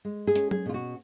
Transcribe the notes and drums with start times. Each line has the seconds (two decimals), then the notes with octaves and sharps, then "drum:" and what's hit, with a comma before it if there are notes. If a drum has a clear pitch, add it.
0.05 G#3
0.27 G#4
0.36 C#4, drum: hi-hat
0.51 G#4, drum: tom F#3
0.66 B2 F4
0.74 F#4